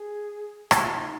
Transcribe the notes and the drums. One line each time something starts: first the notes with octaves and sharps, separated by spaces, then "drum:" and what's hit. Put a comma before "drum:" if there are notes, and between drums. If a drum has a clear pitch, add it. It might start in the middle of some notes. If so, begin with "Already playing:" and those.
Already playing: G#4
G4, drum: rim click
F4
D#4